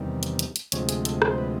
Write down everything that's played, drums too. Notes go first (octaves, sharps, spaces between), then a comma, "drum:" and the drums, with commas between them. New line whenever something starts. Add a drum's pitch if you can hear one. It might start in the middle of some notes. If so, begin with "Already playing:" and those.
Already playing: E2 C3 D#3 G3
drum: hi-hat
drum: hi-hat
drum: hi-hat
D2 C3 F3 G#3 C#5, drum: hi-hat
G#4, drum: hi-hat
A4, drum: hi-hat
A#4, drum: rim click
C5
B4